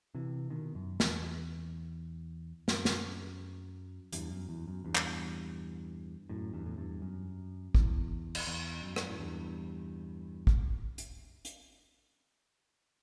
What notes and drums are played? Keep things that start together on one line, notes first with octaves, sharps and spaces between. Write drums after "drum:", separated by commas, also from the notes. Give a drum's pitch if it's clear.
C3 E3
B2 D#3
F#2
E2, drum: snare
F#2, drum: snare
drum: snare
E2 G2, drum: hi-hat
F#2
E2
F#2
E2 G2
drum: clap
F#2 A2
E2 G2
A2
E2 G2
F#2
E2, drum: kick
drum: cymbal
E2
F#2
drum: rim click
A2
E2 G2
drum: kick
drum: hi-hat
drum: hi-hat